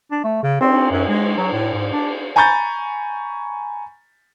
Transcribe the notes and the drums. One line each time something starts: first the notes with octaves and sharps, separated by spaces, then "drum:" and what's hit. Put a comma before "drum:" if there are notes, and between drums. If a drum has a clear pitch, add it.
D4
A3
C#3
C4, drum: cymbal
F#2
G#3
F#3
A2
G#2
D4
G#5 A#5 B5 C#6 G6 A6